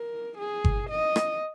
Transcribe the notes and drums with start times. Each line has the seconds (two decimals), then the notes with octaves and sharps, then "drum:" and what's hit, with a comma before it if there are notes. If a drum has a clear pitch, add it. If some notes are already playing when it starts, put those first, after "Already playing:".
Already playing: A#4
0.38 G#4
0.64 drum: kick G1
0.90 D#5
1.16 drum: rim click